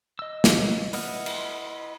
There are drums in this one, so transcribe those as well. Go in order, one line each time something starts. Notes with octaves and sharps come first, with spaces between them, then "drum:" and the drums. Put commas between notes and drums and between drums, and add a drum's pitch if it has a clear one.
D#5 E6
drum: snare
E4 B4 D#5 F#5 F6, drum: open hi-hat
drum: cymbal